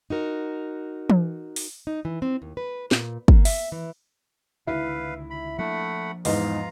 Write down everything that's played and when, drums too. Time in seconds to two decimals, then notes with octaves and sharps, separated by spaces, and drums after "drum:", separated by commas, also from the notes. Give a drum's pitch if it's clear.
0.10 D#4 F#4 A#4
1.10 drum: tom E3
1.56 drum: open hi-hat
1.87 D#4
2.05 E3
2.22 C4
2.42 D#2
2.57 B4
2.91 A#2, drum: snare
3.28 A#3, drum: kick
3.45 E5, drum: open hi-hat
3.72 E3
4.67 C#2 D3 D#3 E4 B4 F5
5.30 B5
5.58 F3 A3 A#3 D4 F#5 B5
6.25 E2 G#2 F4 D#5 F5 A#5, drum: open hi-hat